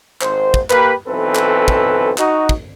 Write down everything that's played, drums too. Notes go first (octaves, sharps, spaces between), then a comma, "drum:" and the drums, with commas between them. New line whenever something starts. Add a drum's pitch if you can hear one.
G#1 C5, drum: clap
drum: kick
A#3 G4 B4, drum: clap
B1 E3 C4 A4 B4
drum: clap
drum: kick
D#4 F#4, drum: clap
drum: kick